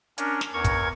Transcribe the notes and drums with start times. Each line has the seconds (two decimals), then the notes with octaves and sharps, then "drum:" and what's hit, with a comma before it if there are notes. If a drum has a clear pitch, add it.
0.18 C#4 D4 A#4, drum: hi-hat
0.41 drum: snare
0.54 E2 A#4 C#6 G#6
0.64 drum: kick, hi-hat